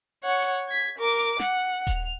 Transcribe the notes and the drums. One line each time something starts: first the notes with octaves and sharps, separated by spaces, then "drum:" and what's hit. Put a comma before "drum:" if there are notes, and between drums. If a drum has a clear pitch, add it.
C#5 F#5
drum: hi-hat
G#6 B6
A#4 D6
F#5, drum: snare
F7, drum: kick D#1, hi-hat